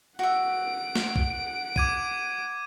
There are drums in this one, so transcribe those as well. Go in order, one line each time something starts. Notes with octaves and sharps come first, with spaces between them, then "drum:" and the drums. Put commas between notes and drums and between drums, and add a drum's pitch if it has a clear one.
F#4 E5 F#5 D7
drum: snare
drum: kick
D6 G#6 D#7, drum: kick